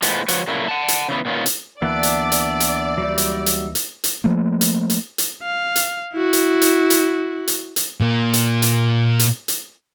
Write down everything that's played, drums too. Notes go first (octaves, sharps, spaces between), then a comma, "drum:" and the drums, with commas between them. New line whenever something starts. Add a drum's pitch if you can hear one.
A2 F3 G#3 B3, drum: hi-hat
F3 F#4 B4 C#5, drum: hi-hat
A#2 C#3 F#3 A3 A#3 E4
F#5 A5
drum: hi-hat
C#3 E3 B3
A#2 D#3 B3 C#4 F4
drum: hi-hat
D2 E3 A#3 B3 D4 D5 E5 F#6
drum: hi-hat
drum: hi-hat
drum: hi-hat
F#3 G3 D#4
drum: hi-hat
drum: hi-hat
drum: hi-hat
drum: hi-hat
F3 A3 A#3
drum: hi-hat
drum: hi-hat
drum: hi-hat
F5
drum: hi-hat
E4 F#4
drum: hi-hat
drum: hi-hat
drum: hi-hat
drum: hi-hat
drum: hi-hat
A#2 A#3
drum: hi-hat
drum: hi-hat
drum: hi-hat
drum: hi-hat